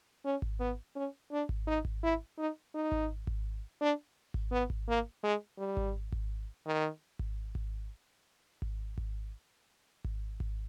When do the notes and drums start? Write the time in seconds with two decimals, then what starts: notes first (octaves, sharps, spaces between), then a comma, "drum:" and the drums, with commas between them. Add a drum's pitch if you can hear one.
0.25 C#4
0.42 drum: kick G#1
0.60 B3
0.96 C#4
1.32 D4
1.49 drum: kick G#1
1.67 D#4
1.85 drum: kick G#1
2.03 E4
2.38 D#4
2.74 D#4
2.92 drum: kick G#1
3.27 drum: kick G#1
3.81 D4
4.34 drum: kick G#1
4.51 B3
4.70 drum: kick G#1
4.88 A#3
5.24 G#3
5.58 G3
5.77 drum: kick G#1
6.12 drum: kick G#1
6.66 D#3
7.19 drum: kick G#1
7.55 drum: kick G#1
8.62 drum: kick G#1
8.98 drum: kick G#1
10.05 drum: kick G#1
10.40 drum: kick G#1